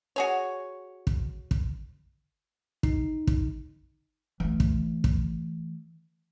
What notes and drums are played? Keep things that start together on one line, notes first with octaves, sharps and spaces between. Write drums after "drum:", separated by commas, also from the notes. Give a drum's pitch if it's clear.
F#4 G#4 C#5
drum: kick
drum: kick
D#4, drum: kick
drum: kick
E3 A3
drum: kick
drum: kick